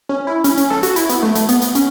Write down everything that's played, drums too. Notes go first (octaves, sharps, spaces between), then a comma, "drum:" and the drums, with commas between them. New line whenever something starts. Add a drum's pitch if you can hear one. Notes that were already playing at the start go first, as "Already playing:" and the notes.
C#4
E4
C#4, drum: hi-hat
C#4, drum: hi-hat
A4, drum: snare
F#4, drum: hi-hat
E4, drum: hi-hat
B3, drum: hi-hat
A3, drum: snare
A3, drum: hi-hat
B3, drum: hi-hat
drum: hi-hat
C#4, drum: hi-hat